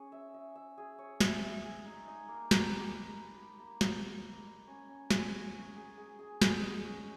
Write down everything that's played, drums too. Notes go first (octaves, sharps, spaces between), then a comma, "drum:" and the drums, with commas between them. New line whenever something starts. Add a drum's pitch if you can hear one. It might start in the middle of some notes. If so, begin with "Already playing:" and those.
Already playing: C#4 G#4
E5
E5
E5
G#4
C#5
E5, drum: snare
E5
G#4
D#4
D#4
A#3
B4, drum: snare
G4
D#4
B4
B4
A#3
A#3, drum: snare
B4
A#3
D#5
C#4
C#4
G#4, drum: snare
C#4
C#4
G#4
G#4
G#4
G#4, drum: snare
D#5
C#4